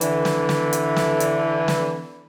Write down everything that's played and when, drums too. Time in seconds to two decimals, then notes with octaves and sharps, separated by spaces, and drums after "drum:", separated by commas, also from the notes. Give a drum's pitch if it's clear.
0.01 D3 E3, drum: hi-hat
0.25 drum: snare
0.49 drum: snare
0.73 drum: hi-hat
0.96 drum: snare
1.20 drum: hi-hat
1.68 drum: snare